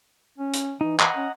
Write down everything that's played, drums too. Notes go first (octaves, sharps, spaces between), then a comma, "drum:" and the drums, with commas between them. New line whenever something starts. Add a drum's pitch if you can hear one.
C#4
drum: hi-hat
E3 D#4
D#5 F#5 A#5, drum: clap
C#4